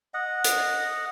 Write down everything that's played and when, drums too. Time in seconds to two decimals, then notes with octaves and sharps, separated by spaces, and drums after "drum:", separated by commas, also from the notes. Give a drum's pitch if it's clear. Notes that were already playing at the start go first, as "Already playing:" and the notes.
0.14 D#5 F#5
0.44 drum: hi-hat